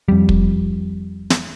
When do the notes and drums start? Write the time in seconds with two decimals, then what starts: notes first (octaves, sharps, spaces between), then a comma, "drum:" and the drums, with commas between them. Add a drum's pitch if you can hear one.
0.08 F2 G3
0.29 drum: kick
1.30 drum: snare